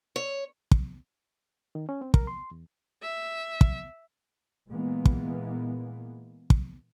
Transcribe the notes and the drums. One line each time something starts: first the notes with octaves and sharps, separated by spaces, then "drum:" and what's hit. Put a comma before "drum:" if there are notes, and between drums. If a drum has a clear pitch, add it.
C#5
drum: kick
D#3
C#4
C4
A#4, drum: kick
C6
E2
E5
drum: kick
A#2 E3 G#3 A#3 B3
drum: kick
drum: kick